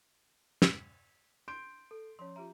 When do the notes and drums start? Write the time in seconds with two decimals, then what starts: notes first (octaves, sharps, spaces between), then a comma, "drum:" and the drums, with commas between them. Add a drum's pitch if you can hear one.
0.62 drum: snare
1.48 C6 G6 D7
1.91 A4
2.19 F3 C#4 C#5 C6
2.36 F4 G4 E5 A#5